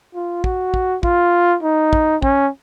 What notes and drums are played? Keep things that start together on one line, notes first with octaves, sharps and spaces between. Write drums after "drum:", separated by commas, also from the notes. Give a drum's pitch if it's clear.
F4
F#4, drum: kick
drum: kick
F4, drum: kick
D#4
drum: kick
C#4, drum: kick